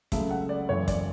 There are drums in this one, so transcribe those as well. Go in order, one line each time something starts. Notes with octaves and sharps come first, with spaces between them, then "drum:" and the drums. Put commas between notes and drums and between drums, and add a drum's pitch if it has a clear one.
C#2 C#3 F#3 A3 E5, drum: kick, hi-hat
F#5
D5
F#1 F#2 E3 C#5
D5, drum: kick, hi-hat